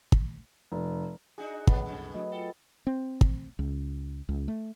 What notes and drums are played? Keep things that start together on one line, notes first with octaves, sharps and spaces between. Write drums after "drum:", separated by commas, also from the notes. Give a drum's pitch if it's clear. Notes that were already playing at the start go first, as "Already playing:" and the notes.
drum: kick
F1
D4 D#4 F#4 G#4
C2 F#2 C3 F#3 A3 B3, drum: kick
A2 C#3
F#3 A3 D#5
F4 A4 D#5 G5
C4
drum: kick
C#2
C#2
A3